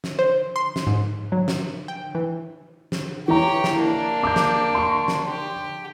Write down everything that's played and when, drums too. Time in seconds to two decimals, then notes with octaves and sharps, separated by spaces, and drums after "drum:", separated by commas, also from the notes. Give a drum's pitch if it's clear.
0.04 drum: snare
0.19 C5
0.56 C6
0.76 drum: snare
0.87 G#2
1.32 F#3
1.48 drum: snare
1.88 G5
2.15 E3
2.92 drum: snare
3.28 E3 G4 C#5 A#5
3.64 drum: snare
3.76 A#3 D4
4.23 D6 G6
4.36 drum: snare
4.75 C6 C#6
5.08 drum: snare
5.26 G4